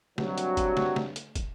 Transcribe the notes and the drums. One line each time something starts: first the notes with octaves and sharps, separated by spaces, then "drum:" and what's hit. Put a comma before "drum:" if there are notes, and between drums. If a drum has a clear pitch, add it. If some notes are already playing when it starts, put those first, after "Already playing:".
G2 C3 F#3, drum: snare
drum: hi-hat
drum: kick, hi-hat
drum: snare
drum: snare
drum: hi-hat
drum: kick, hi-hat